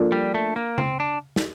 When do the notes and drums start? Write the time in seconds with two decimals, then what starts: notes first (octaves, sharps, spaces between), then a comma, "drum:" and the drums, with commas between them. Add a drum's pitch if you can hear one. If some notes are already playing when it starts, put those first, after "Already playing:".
Already playing: F3 A#3 D4 F4 A4
0.12 G3
0.34 A3
0.56 A#3
0.78 C4, drum: tom C#3
1.00 D4
1.36 drum: snare